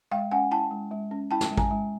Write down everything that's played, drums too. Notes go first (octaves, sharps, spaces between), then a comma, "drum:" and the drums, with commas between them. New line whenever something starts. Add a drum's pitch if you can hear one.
G#3 F5 G5
C#4 F#5 G#5
E4 G5 A5
G#3
G#3
C#4
E4 G5 A5
drum: snare
G#3
G#5 A#5, drum: kick
G#3